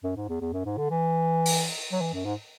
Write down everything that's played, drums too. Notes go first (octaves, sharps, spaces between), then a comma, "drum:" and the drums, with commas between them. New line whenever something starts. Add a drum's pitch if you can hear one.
F#2
G#2
E2
E2
F#2
G#2
D3
E3
drum: open hi-hat
F#3
E3
F#2
G#2